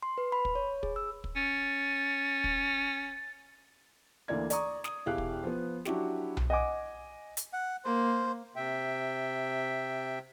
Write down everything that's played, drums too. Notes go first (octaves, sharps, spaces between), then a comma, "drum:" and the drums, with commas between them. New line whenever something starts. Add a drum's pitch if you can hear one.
C6
B4
B5
drum: kick
C#5
G#4, drum: kick
E6
drum: kick
C#4 A6
drum: kick
D2 E3 A#3 D5 G#6
D5 A#5 C#6 D#6, drum: hi-hat
D#6, drum: snare
E1 E4 G4 F5 G5 F#6
drum: kick
F3 B3
F#3 D4 E4 F#4 G4, drum: snare
drum: tom B1
D#5 F#5 G#5 D6
drum: hi-hat
F#5
A#3 C5
C3 E5 G5